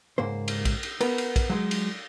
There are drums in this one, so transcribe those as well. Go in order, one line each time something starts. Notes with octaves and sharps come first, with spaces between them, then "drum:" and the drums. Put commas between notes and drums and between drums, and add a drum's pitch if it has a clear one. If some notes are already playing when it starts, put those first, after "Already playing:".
C#2 G#2 A#3 C5
drum: cymbal
drum: kick A#1, cymbal
drum: cymbal
B3 A#4, drum: cymbal
drum: cymbal
drum: kick A#1, cymbal
F#3 G#3
drum: cymbal